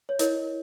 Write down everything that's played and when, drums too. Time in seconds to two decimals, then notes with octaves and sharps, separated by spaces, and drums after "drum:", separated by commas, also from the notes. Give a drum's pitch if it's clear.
0.09 C#5
0.19 E4 A#4 C#5 D#5, drum: hi-hat